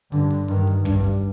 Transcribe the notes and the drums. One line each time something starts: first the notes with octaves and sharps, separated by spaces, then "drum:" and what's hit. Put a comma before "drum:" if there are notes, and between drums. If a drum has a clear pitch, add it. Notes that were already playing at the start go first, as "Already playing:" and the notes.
G2 D3, drum: open hi-hat
drum: hi-hat
G2 D#3, drum: hi-hat
drum: hi-hat
G2, drum: kick, hi-hat
drum: hi-hat